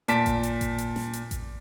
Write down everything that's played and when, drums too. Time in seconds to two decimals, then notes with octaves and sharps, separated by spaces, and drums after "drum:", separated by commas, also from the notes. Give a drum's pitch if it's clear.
0.08 A#2 A5 B6 D7, drum: hi-hat
0.26 drum: kick A1, hi-hat
0.43 drum: hi-hat
0.61 drum: kick A1, hi-hat
0.78 drum: hi-hat
0.96 drum: snare
1.13 drum: hi-hat
1.31 drum: kick A1, hi-hat